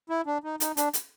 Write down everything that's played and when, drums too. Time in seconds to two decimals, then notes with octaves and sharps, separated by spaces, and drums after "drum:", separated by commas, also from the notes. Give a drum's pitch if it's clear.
0.10 E4
0.26 D4
0.44 D#4
0.60 D#4, drum: hi-hat
0.77 D4, drum: hi-hat
0.93 drum: hi-hat